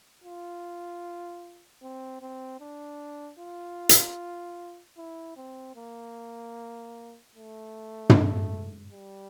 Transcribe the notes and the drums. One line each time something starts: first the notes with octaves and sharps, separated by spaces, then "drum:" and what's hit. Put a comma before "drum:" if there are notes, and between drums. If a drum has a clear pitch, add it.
F4
C4
C4
D4
F4
drum: hi-hat
E4
C4
A#3
A3
drum: tom
G3